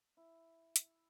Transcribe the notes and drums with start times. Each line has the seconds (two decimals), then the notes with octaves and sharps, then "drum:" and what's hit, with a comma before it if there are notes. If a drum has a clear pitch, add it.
0.17 E4
0.76 drum: hi-hat